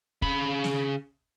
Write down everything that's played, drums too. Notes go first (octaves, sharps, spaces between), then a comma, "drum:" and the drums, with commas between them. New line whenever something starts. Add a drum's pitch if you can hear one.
C#3 B5, drum: kick
drum: snare